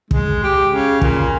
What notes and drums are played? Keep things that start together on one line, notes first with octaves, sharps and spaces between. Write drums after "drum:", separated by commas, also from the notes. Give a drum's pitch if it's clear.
G#3, drum: kick
G4
C#3
A#2, drum: kick